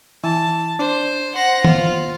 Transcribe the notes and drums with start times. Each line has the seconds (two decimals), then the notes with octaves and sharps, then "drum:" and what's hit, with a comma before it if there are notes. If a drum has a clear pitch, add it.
0.24 E3 A5
0.79 D4 C5
1.36 C5 F#5 A#6
1.64 F4, drum: tom D#3